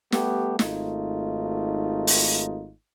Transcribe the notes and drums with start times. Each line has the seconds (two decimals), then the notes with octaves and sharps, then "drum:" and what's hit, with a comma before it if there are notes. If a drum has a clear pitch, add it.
0.12 G3 A3 B3 G4, drum: snare
0.59 G#1 A3 D#4 F4, drum: snare
2.07 drum: open hi-hat